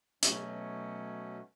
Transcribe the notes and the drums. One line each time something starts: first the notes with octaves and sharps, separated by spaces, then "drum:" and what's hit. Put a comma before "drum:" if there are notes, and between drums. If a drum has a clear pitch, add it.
B2 F#3 A3 C#4, drum: hi-hat